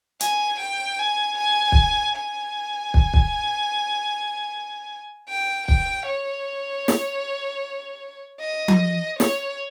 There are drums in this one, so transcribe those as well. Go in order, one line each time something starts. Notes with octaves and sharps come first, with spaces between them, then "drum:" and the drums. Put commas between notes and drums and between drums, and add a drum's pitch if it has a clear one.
G#5, drum: hi-hat
G5
G#5
G#5
drum: kick
G#5
drum: kick
drum: kick
G5
G5, drum: kick
C#5
drum: snare
D#5
drum: tom F3
C#5, drum: snare